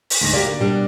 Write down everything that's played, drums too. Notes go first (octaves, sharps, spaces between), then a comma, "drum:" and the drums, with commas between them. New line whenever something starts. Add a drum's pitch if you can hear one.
drum: open hi-hat
D2 G#2 A#6
A#3 F#4 G4 A#4 D5
D3
B2 G3 D4